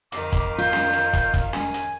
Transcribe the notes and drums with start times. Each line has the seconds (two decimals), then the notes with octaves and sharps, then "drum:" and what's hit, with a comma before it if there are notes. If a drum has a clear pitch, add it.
0.12 F2 D#3 D6, drum: hi-hat
0.32 drum: kick, hi-hat
0.58 F4 G6
0.73 drum: snare
0.93 drum: hi-hat
1.13 drum: kick, hi-hat
1.34 drum: kick, hi-hat
1.53 G#5, drum: snare
1.74 drum: hi-hat